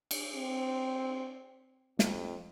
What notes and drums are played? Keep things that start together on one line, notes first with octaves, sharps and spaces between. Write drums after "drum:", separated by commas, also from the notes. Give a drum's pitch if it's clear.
drum: cymbal
C4
F2, drum: snare